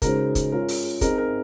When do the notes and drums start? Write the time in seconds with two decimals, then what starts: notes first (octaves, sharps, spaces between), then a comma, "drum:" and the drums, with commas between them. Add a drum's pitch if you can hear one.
0.02 C#3 G#3 D#4 F#4 A#4 C5, drum: kick, hi-hat
0.35 drum: kick, hi-hat
0.51 G#3 C#4 F4 A#4
0.68 drum: open hi-hat
1.01 C4 D#4 G#4 A#4 D#5, drum: kick, hi-hat
1.18 A#4